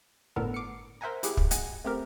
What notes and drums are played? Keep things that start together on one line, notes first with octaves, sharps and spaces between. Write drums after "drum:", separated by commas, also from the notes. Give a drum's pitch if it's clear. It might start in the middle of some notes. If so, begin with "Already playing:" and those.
G1 A2 D3 B3 A4 A#4
D6 C7 C#7
A#4 C5 E5 F#5 G#5 A#5
E4 G4 G#4 F#5, drum: hi-hat
drum: kick
D#5 F#5 G#5, drum: hi-hat
A3 C4 G4 A#4